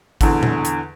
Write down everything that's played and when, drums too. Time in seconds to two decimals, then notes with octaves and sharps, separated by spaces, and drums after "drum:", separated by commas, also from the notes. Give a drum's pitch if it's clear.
0.21 E2 D3, drum: kick, hi-hat
0.43 drum: tom A#2
0.65 drum: hi-hat